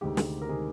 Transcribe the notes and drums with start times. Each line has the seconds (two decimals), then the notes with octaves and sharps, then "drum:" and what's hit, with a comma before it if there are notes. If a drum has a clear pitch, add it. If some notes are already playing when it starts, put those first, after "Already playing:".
0.01 D2 C3 D#3 G#3 G4
0.17 drum: snare
0.41 A#4
0.49 C3 D#3 G#3 G#4